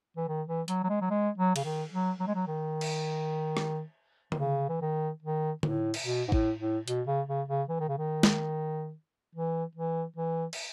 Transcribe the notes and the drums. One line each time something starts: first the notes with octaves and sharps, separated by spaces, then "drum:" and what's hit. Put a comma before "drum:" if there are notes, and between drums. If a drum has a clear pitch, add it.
E3
D#3
E3
F#3, drum: hi-hat
F#3
G#3
F#3
G#3
F#3
C#3, drum: cymbal
D#3
F#3
F#3
G#3
F#3
D#3
drum: cymbal
drum: rim click
D#3, drum: tom D3
C#3
E3
D#3
D#3
A2, drum: tom D3
drum: cymbal
B2
G#2
A2, drum: kick
A2
B2, drum: hi-hat
C#3
C#3
C#3
E3
D#3
C#3
D#3
drum: snare
E3
E3
E3
drum: cymbal